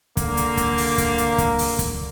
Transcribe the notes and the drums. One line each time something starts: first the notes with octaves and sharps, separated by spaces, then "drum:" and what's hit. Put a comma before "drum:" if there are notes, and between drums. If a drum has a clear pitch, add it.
D3 A#3, drum: kick, hi-hat
drum: hi-hat
drum: kick, hi-hat
drum: open hi-hat
drum: kick, hi-hat
drum: hi-hat
drum: kick, hi-hat
drum: open hi-hat
drum: kick, hi-hat